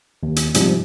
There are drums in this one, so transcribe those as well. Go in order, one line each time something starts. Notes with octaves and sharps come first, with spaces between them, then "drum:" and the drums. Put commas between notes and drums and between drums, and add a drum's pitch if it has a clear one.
D#2
drum: hi-hat
G#2 C3 F3 G3, drum: hi-hat